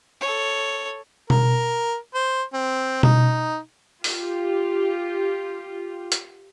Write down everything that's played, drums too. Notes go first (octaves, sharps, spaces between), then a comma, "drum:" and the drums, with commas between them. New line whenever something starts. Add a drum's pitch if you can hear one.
A4 C#5
A#4, drum: tom B2
C5
C4
D#4, drum: tom B2
F4 G4, drum: open hi-hat
drum: hi-hat